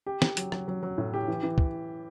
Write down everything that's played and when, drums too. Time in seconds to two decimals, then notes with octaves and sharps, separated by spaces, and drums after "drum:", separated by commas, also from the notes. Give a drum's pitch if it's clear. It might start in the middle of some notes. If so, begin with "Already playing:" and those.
0.06 G4
0.22 G4, drum: snare
0.37 F#3, drum: hi-hat
0.52 F#3, drum: rim click
0.68 F#3
0.83 F#3
0.98 A2
1.14 G4
1.28 E3
1.43 E3
1.58 drum: kick